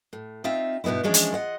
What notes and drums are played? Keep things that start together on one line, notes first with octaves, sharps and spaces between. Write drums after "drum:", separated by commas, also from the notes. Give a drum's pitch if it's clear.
A2
C4 D#4 F4 E5
G2 B2 B3 D#4 E4
E3 F3 G#3 C#4 D4
drum: hi-hat
F4 D#5 F#5